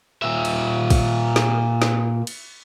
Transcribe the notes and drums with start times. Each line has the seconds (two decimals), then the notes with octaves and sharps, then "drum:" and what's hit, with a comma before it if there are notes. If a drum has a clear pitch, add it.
0.22 A#2 E5
0.45 drum: cymbal
0.90 drum: kick, cymbal
1.36 drum: snare
1.82 drum: snare
2.27 drum: cymbal